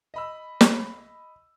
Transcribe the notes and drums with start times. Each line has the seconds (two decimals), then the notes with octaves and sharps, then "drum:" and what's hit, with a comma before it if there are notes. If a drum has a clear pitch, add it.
0.14 D#5 B5 E6
0.61 drum: snare